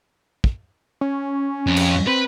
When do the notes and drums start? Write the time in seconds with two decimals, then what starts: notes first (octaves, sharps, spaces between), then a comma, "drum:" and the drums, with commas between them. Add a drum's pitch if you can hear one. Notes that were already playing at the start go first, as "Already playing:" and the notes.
0.44 drum: kick
1.01 C#4
1.67 F2
1.77 drum: cymbal
2.07 C4 B4